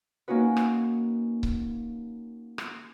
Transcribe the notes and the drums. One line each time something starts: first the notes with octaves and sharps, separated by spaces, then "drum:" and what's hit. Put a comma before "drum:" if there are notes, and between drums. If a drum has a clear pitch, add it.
A#3 C#4 D#4 F#4 B4
drum: rim click
drum: kick C#1
drum: rim click